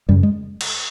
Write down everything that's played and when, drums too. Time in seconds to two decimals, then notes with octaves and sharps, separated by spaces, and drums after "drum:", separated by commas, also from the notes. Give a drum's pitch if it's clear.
0.09 F#2 C#3 G3
0.23 G#3
0.61 drum: cymbal